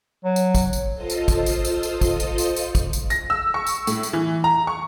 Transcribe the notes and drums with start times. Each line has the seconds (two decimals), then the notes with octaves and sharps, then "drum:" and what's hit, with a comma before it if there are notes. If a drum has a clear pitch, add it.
0.24 F#3
0.36 drum: tambourine
0.55 drum: kick, tambourine
0.73 drum: tambourine
0.95 F4 A4 C5 D#5 D#6
1.10 drum: tambourine
1.28 drum: kick, tambourine
1.46 drum: tambourine
1.65 drum: tambourine
1.83 drum: tambourine
2.01 drum: kick, tambourine
2.20 drum: tambourine
2.38 drum: tambourine
2.56 drum: tambourine
2.75 drum: kick, tambourine
2.93 drum: tambourine
3.10 A#6, drum: tambourine
3.30 E6
3.54 C#6
3.67 drum: tambourine
3.87 A2, drum: tambourine
4.03 drum: tambourine
4.13 E3
4.44 A#5
4.67 C#6